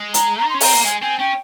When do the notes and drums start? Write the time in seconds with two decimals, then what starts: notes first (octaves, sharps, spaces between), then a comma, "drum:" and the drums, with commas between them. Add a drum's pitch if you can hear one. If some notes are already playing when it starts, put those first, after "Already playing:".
Already playing: G#3
0.14 A#5, drum: hi-hat
0.38 A#5
0.44 D#4
0.49 C6
0.55 C#4
0.60 C4 A#5, drum: open hi-hat
0.74 A#3
0.84 G#3 G#5
1.01 C4 G#5
1.19 C#4 G5